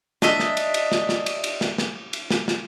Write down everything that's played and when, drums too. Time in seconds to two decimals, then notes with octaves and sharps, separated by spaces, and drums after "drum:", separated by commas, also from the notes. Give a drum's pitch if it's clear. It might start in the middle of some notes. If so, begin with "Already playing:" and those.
0.22 D4 D#5 E5, drum: snare
0.39 drum: snare
0.57 drum: cymbal
0.74 drum: cymbal
0.92 drum: snare
1.09 drum: snare
1.26 drum: cymbal
1.44 drum: cymbal
1.61 drum: snare
1.78 drum: snare
2.13 drum: cymbal
2.30 drum: snare
2.48 drum: snare